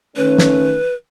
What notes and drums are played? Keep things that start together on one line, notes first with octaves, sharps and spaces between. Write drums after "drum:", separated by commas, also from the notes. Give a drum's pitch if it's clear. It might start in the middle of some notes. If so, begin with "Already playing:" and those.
D#3 A3 C#4 B4
drum: snare